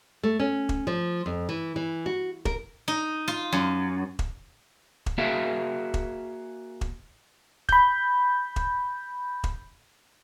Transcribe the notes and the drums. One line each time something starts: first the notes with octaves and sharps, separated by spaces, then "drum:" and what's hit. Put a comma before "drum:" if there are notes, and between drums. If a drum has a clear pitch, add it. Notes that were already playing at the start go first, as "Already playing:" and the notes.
A3
C#4
drum: kick E1
F3
F2
E3
E3
F#4
A#4, drum: kick E1
D#4
F4
F#2
drum: kick E1
drum: kick E1
A#3 F#4 G#4 E5 F5
drum: kick E1
drum: kick E1
B5 G6, drum: kick E1
drum: kick E1
drum: kick E1